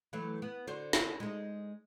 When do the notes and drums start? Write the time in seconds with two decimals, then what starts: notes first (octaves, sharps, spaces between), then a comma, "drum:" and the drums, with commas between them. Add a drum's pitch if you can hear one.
0.13 E3 F#3 A3
0.42 B3
0.67 D3 F#4 C5
0.93 drum: snare
1.20 G#3 D#4